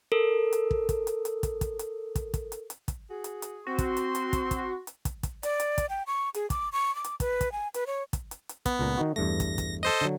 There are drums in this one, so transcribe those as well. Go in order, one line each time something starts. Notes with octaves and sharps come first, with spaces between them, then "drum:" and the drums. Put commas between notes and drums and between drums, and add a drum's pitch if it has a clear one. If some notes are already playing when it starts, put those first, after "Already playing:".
A4 A#4
drum: hi-hat
drum: kick
drum: kick, hi-hat
drum: hi-hat
drum: hi-hat
drum: kick, hi-hat
drum: kick, hi-hat
drum: hi-hat
drum: kick, hi-hat
drum: kick, hi-hat
drum: hi-hat
drum: hi-hat
drum: kick, hi-hat
F#4 G#4
drum: hi-hat
drum: hi-hat
C4 F#4 C6
drum: kick, hi-hat
drum: hi-hat
drum: hi-hat
drum: kick, hi-hat
drum: kick, hi-hat
drum: hi-hat
drum: kick, hi-hat
drum: kick, hi-hat
D5, drum: hi-hat
drum: hi-hat
drum: kick, hi-hat
G5
C#6
G#4, drum: hi-hat
D6, drum: kick, hi-hat
C#6
D6
drum: hi-hat
B4, drum: kick, hi-hat
drum: kick, hi-hat
G#5
B4, drum: hi-hat
C#5
drum: kick, hi-hat
drum: hi-hat
drum: hi-hat
B3, drum: kick, hi-hat
C#2 A#2 A#5
D#3 D#4 F#4
E2 G2 A3 A#6
drum: kick, hi-hat
drum: kick, hi-hat
A4 C5 D#5
D3 F#3